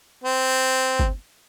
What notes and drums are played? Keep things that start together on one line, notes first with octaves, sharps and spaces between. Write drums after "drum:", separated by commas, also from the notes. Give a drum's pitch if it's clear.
C4
drum: kick G1